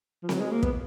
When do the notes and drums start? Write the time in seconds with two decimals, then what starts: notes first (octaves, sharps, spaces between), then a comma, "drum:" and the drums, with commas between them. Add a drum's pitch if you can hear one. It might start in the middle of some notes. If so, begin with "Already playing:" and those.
0.23 F3
0.29 F#3, drum: snare C4
0.40 G#3
0.51 A#3
0.63 B3, drum: kick